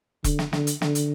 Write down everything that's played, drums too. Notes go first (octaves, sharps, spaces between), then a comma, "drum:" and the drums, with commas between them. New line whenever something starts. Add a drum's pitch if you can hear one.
D3, drum: kick E1, hi-hat
drum: snare
D3, drum: snare
drum: hi-hat
D3, drum: snare
drum: hi-hat